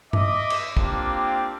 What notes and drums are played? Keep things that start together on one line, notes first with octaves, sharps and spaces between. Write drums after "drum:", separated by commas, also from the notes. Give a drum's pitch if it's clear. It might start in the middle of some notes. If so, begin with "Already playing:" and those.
D#5 E5 D6, drum: tom G2
drum: cymbal
A#3 C4 D4 F4 G4, drum: kick